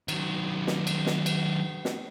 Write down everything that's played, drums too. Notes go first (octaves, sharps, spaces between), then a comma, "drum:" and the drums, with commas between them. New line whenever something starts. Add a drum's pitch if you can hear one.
D#3 F#3, drum: cymbal
drum: snare
drum: cymbal
drum: snare
drum: cymbal
drum: snare